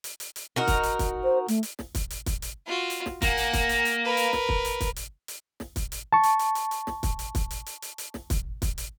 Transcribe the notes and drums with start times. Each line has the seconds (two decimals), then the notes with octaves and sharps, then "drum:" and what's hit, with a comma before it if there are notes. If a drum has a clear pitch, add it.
0.04 drum: hi-hat
0.20 drum: hi-hat
0.36 drum: hi-hat
0.56 D#4 F#4 A#4
0.68 drum: kick, hi-hat
0.83 drum: hi-hat
0.99 drum: kick, hi-hat
1.24 C5
1.48 A3, drum: hi-hat
1.63 drum: hi-hat
1.79 drum: snare
1.95 drum: kick, hi-hat
2.10 drum: hi-hat
2.26 drum: kick, hi-hat
2.42 drum: hi-hat
2.67 F4 F#4
2.90 drum: hi-hat
3.06 drum: snare
3.22 A#3 F#5 G#5, drum: kick, hi-hat
3.38 drum: hi-hat
3.53 drum: kick, hi-hat
3.69 drum: hi-hat
3.85 drum: hi-hat
4.05 A#4 B4
4.17 drum: hi-hat
4.33 drum: snare
4.49 drum: kick
4.65 drum: hi-hat
4.81 drum: kick, hi-hat
4.96 drum: hi-hat
5.28 drum: hi-hat
5.60 drum: snare
5.76 drum: kick, hi-hat
5.92 drum: hi-hat
6.13 A5 C#6
6.23 drum: hi-hat
6.39 drum: hi-hat
6.55 drum: hi-hat
6.71 drum: hi-hat
6.87 drum: snare
7.03 drum: kick, hi-hat
7.19 drum: hi-hat
7.35 drum: kick, hi-hat
7.51 drum: hi-hat
7.66 drum: hi-hat
7.82 drum: hi-hat
7.98 drum: hi-hat
8.14 drum: snare
8.30 drum: kick, hi-hat
8.62 drum: kick, hi-hat
8.78 drum: hi-hat